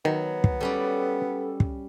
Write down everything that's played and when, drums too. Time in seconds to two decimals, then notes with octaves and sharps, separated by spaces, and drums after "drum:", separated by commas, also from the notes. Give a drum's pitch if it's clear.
0.05 D#3 F#3 B3
0.44 drum: kick
0.61 G3 C#4 A4 D5
1.60 drum: kick